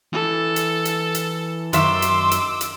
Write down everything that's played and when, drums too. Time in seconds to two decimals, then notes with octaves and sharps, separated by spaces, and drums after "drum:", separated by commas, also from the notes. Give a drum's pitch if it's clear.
0.12 E3 A4
0.56 drum: hi-hat
0.85 drum: hi-hat
1.15 drum: hi-hat
1.73 F#2 D#3 E5 C6 D6 E6, drum: hi-hat
2.02 drum: hi-hat
2.31 drum: hi-hat
2.61 drum: hi-hat